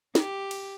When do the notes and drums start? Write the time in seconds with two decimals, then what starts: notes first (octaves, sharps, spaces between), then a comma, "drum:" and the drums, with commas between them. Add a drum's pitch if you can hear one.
0.15 G4, drum: snare
0.51 drum: cymbal